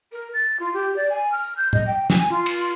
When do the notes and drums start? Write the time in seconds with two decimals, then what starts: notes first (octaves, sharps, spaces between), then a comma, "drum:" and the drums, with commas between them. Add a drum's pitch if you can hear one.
0.12 A#4
0.33 A6
0.59 F4
0.73 G4
0.96 D5
1.09 G#5
1.32 F6
1.57 G6
1.73 D#5, drum: tom A2
1.86 G5
2.10 G#5, drum: snare
2.29 F4
2.46 drum: cymbal